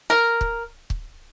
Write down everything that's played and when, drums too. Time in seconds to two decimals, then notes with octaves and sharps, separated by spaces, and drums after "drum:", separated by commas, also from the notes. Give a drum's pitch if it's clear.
0.10 A#4
0.41 drum: kick
0.90 drum: kick